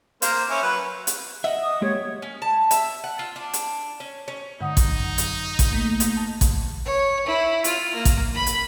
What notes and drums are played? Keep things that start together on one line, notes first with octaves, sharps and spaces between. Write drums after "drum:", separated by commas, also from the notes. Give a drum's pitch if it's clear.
A#3 C5, drum: hi-hat
C#4 E4
F#3 B4
drum: hi-hat
D#5 E5 F#5
D#6
G#3 A#3 G4 C#5
C#4
A5
E5, drum: hi-hat
F#5
F4
D4
drum: hi-hat
C#4
C#4
G#2 D3 D#4 F#5 D#6
drum: kick A1, hi-hat
F#2
drum: hi-hat
drum: kick A1, hi-hat
A3 A#3 B6
drum: hi-hat
A5
drum: kick A1, hi-hat
C#5
E4
F4, drum: hi-hat
A#3
drum: kick A1, hi-hat
B5
drum: hi-hat